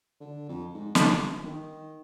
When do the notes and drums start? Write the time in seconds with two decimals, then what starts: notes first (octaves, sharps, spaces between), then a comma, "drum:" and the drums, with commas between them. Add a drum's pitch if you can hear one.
0.20 D3
0.49 F2
0.74 G#2
0.95 C#2, drum: snare
1.14 G1
1.45 D#3